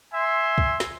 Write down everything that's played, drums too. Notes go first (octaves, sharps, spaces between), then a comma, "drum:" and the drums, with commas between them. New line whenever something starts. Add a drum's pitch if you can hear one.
E5 G#5 C6
drum: kick
drum: snare